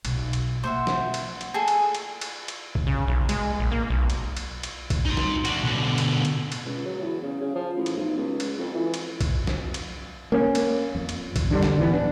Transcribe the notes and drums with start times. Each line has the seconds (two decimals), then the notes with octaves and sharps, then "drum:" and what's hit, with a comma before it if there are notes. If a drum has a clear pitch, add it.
0.05 B1, drum: cymbal
0.33 drum: cymbal
0.64 A#3 C5 E5 F#5
0.87 drum: snare
1.14 drum: cymbal
1.41 drum: cymbal
1.54 G#4 A4 G#5
1.68 drum: cymbal
1.95 drum: cymbal
2.21 drum: cymbal
2.48 drum: cymbal
2.75 drum: kick B1
2.87 C#3
3.08 B1
3.29 G#3, drum: cymbal
3.59 A#1
3.72 A#3
3.90 B1
4.10 drum: cymbal
4.37 drum: cymbal
4.63 drum: cymbal
4.90 drum: kick B1, cymbal
5.06 D#4 C6
5.17 drum: snare
5.45 D4 F#4, drum: cymbal
5.63 B2 D3
5.98 drum: cymbal
6.25 drum: cymbal
6.52 drum: cymbal
6.66 C#2
6.86 F#3
7.01 E2
7.22 C#3
7.41 C#3
7.55 F3
7.77 A1
7.86 drum: cymbal
7.96 B1
8.16 C#2
8.40 drum: cymbal
8.58 F2
8.74 E3
8.94 drum: cymbal
9.21 drum: kick B1, cymbal
9.47 drum: snare
9.74 drum: cymbal
10.32 A#3 C#4
10.55 drum: cymbal
10.95 F2
11.09 drum: cymbal
11.36 drum: kick B1, cymbal
11.51 D3 G3 D4
11.63 drum: snare
11.77 D1 E3 B3
11.93 D#1 D4